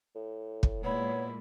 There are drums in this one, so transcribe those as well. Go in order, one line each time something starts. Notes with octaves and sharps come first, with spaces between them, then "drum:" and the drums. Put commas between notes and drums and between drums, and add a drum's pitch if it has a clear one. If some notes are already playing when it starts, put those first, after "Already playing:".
A2
drum: kick
A#2 G#3 B3 E4 C#5